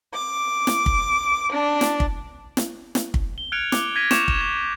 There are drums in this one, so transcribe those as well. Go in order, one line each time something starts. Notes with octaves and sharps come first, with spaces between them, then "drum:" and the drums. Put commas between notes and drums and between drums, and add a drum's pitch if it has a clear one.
D6
drum: snare
drum: kick
D4
drum: snare
drum: kick
drum: snare
drum: snare
drum: kick
G7
F6 F#6 G#6 C#7 D7 F7
D6, drum: snare
G#6 A#6 B6 D#7
C#6 D6 G6 C#7 E7 F7, drum: snare
drum: kick
C#6 G#6